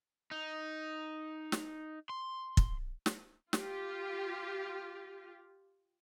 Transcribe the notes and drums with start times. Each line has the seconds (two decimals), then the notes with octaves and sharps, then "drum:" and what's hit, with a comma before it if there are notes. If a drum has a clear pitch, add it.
0.31 D#4
1.52 drum: snare
2.10 C6
2.57 drum: kick
3.06 drum: snare
3.53 F4 G4, drum: snare